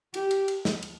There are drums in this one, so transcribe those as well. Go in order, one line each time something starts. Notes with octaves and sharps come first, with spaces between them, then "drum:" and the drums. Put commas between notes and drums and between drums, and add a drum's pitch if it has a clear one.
G4, drum: cymbal
drum: cymbal
drum: cymbal
drum: snare
drum: cymbal